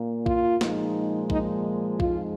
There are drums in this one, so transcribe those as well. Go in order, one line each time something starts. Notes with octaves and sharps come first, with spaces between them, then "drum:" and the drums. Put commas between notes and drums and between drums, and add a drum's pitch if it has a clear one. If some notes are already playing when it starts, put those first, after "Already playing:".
Already playing: A#2 A#3
F4, drum: kick
A#2 F3 G#3 D#4, drum: snare
D#4, drum: kick
F2 F3 G#3 D#4 F4, drum: kick